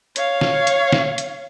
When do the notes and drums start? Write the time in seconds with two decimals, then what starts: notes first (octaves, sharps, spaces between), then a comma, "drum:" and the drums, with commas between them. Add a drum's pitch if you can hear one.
0.16 C#5 F5, drum: hi-hat
0.41 drum: snare
0.67 drum: hi-hat
0.92 drum: snare
1.18 drum: hi-hat